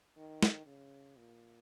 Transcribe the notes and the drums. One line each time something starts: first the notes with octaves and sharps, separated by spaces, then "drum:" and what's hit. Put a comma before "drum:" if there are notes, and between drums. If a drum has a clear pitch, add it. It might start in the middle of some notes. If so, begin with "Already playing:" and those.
D#3
drum: snare
C#3
A#2